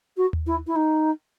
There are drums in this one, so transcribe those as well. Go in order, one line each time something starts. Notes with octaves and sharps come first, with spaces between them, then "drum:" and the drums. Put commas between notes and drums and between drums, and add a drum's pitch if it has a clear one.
F#4
drum: tom D#2
E4
E4
D#4